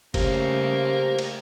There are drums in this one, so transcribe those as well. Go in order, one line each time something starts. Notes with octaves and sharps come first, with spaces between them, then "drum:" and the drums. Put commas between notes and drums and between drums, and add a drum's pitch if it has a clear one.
C#3 G3 A3 A#3 G4 C5, drum: kick G1, cymbal
drum: cymbal